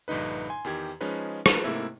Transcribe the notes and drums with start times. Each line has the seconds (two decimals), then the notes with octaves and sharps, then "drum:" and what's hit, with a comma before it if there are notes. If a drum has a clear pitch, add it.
0.08 A#1 G2 D3 D#4 B4
0.49 G#5 C6
0.64 E2 D#3 G4 G#6
1.01 F3 G#3 C#4 D#4 B4
1.46 F3 A#4 B4, drum: rim click
1.64 G#2 C3 A3 A#3 E4